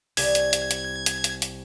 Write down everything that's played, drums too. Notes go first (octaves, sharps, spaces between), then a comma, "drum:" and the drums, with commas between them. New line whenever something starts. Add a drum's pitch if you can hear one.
C2 D5 G#6, drum: open hi-hat
drum: hi-hat
drum: hi-hat
drum: hi-hat
drum: hi-hat
drum: hi-hat
drum: hi-hat